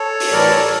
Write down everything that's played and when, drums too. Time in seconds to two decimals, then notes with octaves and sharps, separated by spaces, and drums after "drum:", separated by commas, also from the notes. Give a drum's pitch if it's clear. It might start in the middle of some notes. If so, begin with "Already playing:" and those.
Already playing: A4 C#5
0.20 drum: open hi-hat
0.31 A2 E3 G3 A#4 D5
0.51 A4 C#5
0.64 C#5